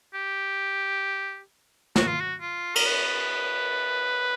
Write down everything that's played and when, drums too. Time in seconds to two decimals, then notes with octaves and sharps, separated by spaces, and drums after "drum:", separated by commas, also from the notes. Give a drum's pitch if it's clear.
0.14 G4
1.96 F#4, drum: snare
2.08 F4
2.21 F#4
2.41 F4
2.75 A#4, drum: cymbal
2.86 B4